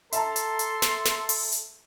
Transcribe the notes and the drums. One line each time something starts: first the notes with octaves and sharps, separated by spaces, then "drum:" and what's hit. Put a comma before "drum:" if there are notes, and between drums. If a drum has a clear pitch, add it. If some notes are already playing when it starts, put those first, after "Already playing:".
A4 E5 A5 A#5 C6, drum: hi-hat
drum: hi-hat
drum: hi-hat
drum: snare
drum: snare
drum: open hi-hat
drum: hi-hat